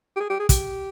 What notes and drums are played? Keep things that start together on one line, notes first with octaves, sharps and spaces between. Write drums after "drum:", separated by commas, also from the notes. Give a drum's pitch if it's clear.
G4
G#4
G4
G#4
G4, drum: kick, hi-hat